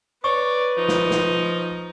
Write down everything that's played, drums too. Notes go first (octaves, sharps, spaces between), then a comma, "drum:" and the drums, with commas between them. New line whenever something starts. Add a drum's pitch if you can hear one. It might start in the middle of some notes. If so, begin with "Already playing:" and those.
B4 C#5 D5 C#6
F3 D#4
drum: snare
drum: snare